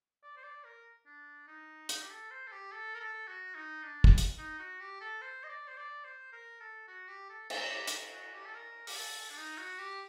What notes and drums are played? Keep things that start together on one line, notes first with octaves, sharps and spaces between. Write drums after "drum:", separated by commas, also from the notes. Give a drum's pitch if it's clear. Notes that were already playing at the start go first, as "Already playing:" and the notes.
D5
C5
D5
A#4
D4
D#4
D#4, drum: hi-hat
G4
A4
C5
A4
G4
A4
A#4
A4
F#4
D#4
D4
drum: kick
drum: hi-hat
D#4
F#4
G4
A4
C5
D#5
D5
C5
D5
C5
A#4
A4
F#4
G4
A4
A4, drum: cymbal
G4
drum: hi-hat
F#4
G4
A4
A#4
G4, drum: open hi-hat
A4
D4
D#4
F#4
G4